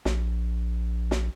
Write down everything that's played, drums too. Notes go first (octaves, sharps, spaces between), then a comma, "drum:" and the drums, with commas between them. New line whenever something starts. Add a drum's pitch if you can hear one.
A#1, drum: snare
drum: snare